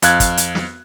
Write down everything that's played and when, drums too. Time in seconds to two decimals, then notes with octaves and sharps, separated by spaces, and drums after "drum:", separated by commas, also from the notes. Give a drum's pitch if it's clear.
0.02 F2 F5 F#6 G#6, drum: hi-hat
0.20 drum: kick, hi-hat
0.37 drum: hi-hat
0.55 drum: snare